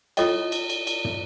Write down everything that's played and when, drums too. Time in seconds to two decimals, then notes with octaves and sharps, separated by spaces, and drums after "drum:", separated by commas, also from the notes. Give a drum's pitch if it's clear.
0.17 E4 F4 A4 C#5 D#5 G5, drum: cymbal
0.52 drum: cymbal
0.70 drum: cymbal
0.87 drum: cymbal
1.05 drum: tom